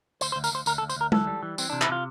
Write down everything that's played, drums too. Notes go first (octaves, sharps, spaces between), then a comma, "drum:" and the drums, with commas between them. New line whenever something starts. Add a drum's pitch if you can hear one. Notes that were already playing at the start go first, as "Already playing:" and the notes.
D2 C5, drum: tambourine
C5
D2
A#4, drum: tambourine
D2 C5
D2 A#4, drum: tambourine
A4
D2
C5, drum: tambourine
D2 A#4
E3 A4, drum: tom G#3
G3
E3
E3 C4, drum: tambourine
C3 D4
E4, drum: clap
C3 F4